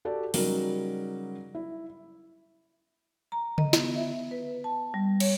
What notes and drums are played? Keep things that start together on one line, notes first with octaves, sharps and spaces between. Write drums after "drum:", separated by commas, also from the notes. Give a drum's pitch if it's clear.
F#4 G4 A4 D5 A5
C#3 F#3 G3 D#4 A#4, drum: open hi-hat
E4
A#5
D#5, drum: tom C#3
B3, drum: snare
E5
B4
A5
G3
C#5, drum: cymbal